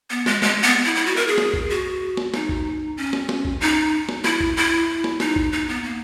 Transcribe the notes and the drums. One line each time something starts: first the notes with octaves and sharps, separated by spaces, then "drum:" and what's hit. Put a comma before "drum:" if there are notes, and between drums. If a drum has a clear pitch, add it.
B3
G#3, drum: snare
G#3, drum: snare
B3
E4
E4
F#4
A#4
G#4
drum: snare
drum: kick
F#4
drum: snare
D#4, drum: snare
drum: kick
C#4
drum: snare
drum: snare
drum: kick
D#4
drum: snare
E4, drum: snare
drum: kick
E4
drum: snare
D#4, drum: snare
drum: kick
D#4
B3
A#3